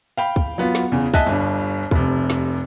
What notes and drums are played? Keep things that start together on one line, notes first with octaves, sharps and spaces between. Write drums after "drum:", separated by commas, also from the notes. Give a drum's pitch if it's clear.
F5 G5 B5
drum: kick
F#3 B3 F4
drum: snare
E2 C#3
D#5 E5 G#5 A5 F#6, drum: kick
G1 G2
F1 C3, drum: kick
drum: snare